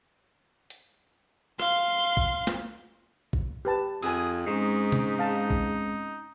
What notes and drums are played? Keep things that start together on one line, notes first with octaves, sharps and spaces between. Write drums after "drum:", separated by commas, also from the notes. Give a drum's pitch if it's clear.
drum: hi-hat
F5 C6, drum: rim click
drum: kick
drum: snare
drum: kick
G4 B4 A5
F2 G#4 G#5 E6, drum: hi-hat
G#2 G#3 C4 C#4 D#4
drum: tom
F5 A5
drum: kick